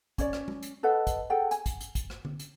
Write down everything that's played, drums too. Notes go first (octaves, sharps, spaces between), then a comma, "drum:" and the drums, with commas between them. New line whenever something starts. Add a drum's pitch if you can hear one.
C#4 C#5 D5, drum: kick, hi-hat
drum: rim click
drum: tom G#3
drum: hi-hat
A4 B4 D#5 F#5
drum: kick, hi-hat
G#4 A4 F#5 G5
G#5, drum: hi-hat
drum: kick, hi-hat
drum: hi-hat
drum: kick, hi-hat
drum: rim click
drum: tom D3
drum: hi-hat